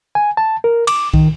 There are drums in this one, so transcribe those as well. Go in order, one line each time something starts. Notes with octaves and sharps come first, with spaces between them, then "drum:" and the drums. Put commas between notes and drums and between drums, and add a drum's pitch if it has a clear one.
G#5
A5
A#4
D6, drum: cymbal
D#3, drum: kick